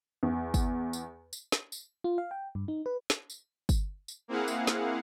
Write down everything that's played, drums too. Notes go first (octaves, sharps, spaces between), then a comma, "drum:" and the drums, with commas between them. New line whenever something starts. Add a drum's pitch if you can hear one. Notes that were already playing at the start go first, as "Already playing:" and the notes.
E2
drum: kick, tambourine
drum: tambourine
drum: tambourine
drum: snare
drum: tambourine
F4
F5
G5
G2
D#4
B4
drum: snare
drum: tambourine
drum: kick, tambourine
drum: tambourine
A#3 C4 E4 G#4 F5 F#5
drum: tambourine
drum: snare